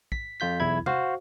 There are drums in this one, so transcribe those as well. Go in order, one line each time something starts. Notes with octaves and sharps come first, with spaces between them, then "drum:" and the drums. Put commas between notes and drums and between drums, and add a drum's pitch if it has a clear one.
B6, drum: kick
F2 F4 G6 B6
B1 E2 E4 B5 G#6
F#4 C5 F5, drum: tom C3